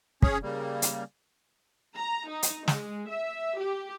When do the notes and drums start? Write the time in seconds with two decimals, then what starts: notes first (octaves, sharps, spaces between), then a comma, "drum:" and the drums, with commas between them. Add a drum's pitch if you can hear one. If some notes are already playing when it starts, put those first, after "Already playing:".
0.22 C#4 G#4 C#5, drum: kick
0.43 C#3 G3 A#3
0.82 drum: hi-hat
1.97 A#5
2.28 D#4
2.43 drum: hi-hat
2.68 G#3, drum: snare
3.10 E5
3.59 G4